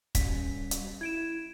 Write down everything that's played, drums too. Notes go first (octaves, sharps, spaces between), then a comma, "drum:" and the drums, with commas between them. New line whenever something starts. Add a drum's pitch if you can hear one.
G3 C#4 B6, drum: kick, hi-hat
drum: hi-hat
E4 G#6 D7 E7